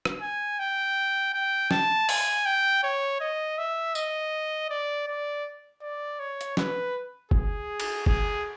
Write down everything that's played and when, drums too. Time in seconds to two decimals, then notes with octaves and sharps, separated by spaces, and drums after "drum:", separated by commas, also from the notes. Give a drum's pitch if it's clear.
0.05 drum: rim click
0.22 G#5
0.59 G5
1.34 G5
1.71 A5, drum: snare
2.09 G#5, drum: open hi-hat
2.46 G5
2.83 C#5
3.21 D#5
3.58 E5
3.95 D#5, drum: tambourine
4.70 D5
5.07 D5
5.82 D5
6.19 C#5
6.41 drum: hi-hat
6.57 B4, drum: snare
7.31 G#4, drum: kick F#1
7.80 drum: cymbal
8.06 G#4, drum: kick F#1